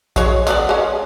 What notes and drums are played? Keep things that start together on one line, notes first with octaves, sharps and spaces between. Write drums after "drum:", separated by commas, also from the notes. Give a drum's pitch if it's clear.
F#3 G#3 C#5, drum: kick A#1, tambourine
D3 B3 D5, drum: tambourine
G#3 C#4